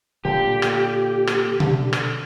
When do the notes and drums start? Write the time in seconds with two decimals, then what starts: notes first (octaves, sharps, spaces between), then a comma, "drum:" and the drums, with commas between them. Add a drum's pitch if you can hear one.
0.25 A#2 D3 G4
0.62 drum: rim click
1.27 drum: rim click
1.60 D3, drum: tom B2
1.93 drum: rim click